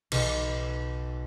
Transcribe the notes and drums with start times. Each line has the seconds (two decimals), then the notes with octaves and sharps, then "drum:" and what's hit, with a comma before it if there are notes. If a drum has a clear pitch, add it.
0.12 B1, drum: cymbal